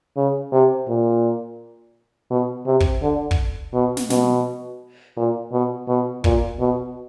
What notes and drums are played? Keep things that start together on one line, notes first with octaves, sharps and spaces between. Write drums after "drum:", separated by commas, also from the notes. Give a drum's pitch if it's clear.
C#3
C3
A#2
B2
C3
drum: kick
D3
drum: kick
B2
drum: snare
B2, drum: snare
A#2
B2
B2
A#2, drum: kick
B2